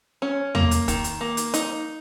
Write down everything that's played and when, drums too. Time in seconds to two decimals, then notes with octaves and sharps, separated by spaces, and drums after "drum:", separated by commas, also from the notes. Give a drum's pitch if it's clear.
0.22 C#4
0.55 A#3, drum: tom E2
0.71 drum: hi-hat
0.88 D#3, drum: kick, hi-hat
1.04 drum: hi-hat
1.21 A#3
1.37 drum: hi-hat
1.54 D#4, drum: hi-hat